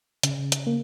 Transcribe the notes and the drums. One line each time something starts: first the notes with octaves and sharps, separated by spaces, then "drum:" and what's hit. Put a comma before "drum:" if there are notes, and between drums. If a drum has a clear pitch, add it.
C#3, drum: hi-hat
drum: hi-hat
A#3